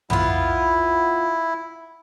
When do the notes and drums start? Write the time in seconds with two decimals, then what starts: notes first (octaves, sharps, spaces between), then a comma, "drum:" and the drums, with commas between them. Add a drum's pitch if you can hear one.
0.10 B3 E4 F4, drum: tom